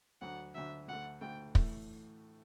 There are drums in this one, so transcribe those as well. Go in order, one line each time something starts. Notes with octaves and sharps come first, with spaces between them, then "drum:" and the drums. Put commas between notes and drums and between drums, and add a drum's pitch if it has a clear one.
D2 D3 F#3 F#5
D2 D3 F#3 E5
D2 D3 A3 F#5
D2 D3 A3 G5
A2 E3 A3, drum: kick